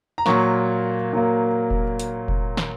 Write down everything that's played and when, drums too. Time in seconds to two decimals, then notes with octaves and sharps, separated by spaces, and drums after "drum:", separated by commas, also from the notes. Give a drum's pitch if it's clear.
0.18 A#5
0.26 A#2 F#3 A#3 C#6, drum: snare
1.13 A#2 F#3 A#3
1.71 drum: kick F1
1.99 drum: hi-hat
2.28 drum: kick F1
2.57 drum: snare